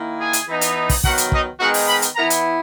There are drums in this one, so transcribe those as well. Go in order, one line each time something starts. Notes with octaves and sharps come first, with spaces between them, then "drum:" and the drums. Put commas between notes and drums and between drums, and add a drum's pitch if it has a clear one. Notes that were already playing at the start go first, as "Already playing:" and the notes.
Already playing: D#3 A#3 E4
G#4 G#5
drum: hi-hat
E3 B3 D#4
drum: hi-hat
drum: kick, open hi-hat
D#3 F#3 B3 F#4 F#5, drum: kick
drum: hi-hat
D#4 D#5, drum: kick
D#3 G#3 B3 D#4 F#4 F#5
drum: open hi-hat
B4 B5
drum: hi-hat
E3 B3 E4 A#4 A#5
drum: hi-hat